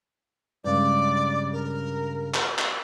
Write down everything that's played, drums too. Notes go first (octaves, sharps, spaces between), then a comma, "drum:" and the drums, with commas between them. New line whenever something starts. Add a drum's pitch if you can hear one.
G2 C#3 G#3 D5
A#4
drum: clap
drum: clap